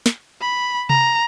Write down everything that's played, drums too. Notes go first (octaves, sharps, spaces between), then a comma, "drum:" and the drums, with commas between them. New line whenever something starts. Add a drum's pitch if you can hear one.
drum: snare
B5
A#5, drum: tom C3